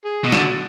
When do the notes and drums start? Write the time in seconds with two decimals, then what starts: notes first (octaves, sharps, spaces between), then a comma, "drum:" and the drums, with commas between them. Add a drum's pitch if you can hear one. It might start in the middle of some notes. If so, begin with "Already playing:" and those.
0.05 G#4
0.24 B2
0.32 D3 F#4, drum: snare